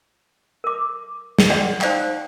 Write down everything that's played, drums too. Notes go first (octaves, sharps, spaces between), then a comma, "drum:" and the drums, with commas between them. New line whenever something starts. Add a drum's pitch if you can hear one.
A#4 D6
drum: snare
C#5 D5 F#5 G5 C6 C#6
D#4 C5 D5 F5 G5, drum: clap